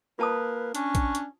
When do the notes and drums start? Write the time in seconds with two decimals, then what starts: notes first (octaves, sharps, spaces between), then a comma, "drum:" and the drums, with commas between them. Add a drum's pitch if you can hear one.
0.19 A#3 F4 B4 A5 D#6
0.75 C#4 D4 C#6, drum: hi-hat
0.95 drum: kick, hi-hat
1.15 drum: hi-hat